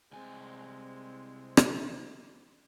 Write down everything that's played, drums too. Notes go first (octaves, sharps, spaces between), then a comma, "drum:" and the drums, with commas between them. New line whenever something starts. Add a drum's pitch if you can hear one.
C2 G#3 C4 G#5
drum: rim click